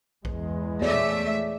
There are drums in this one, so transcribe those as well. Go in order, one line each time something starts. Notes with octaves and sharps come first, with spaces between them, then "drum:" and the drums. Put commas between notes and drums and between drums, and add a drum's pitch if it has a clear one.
E2 G#3, drum: kick A#1
A3 G#4 C#5 D5 E5, drum: snare
drum: tom A#2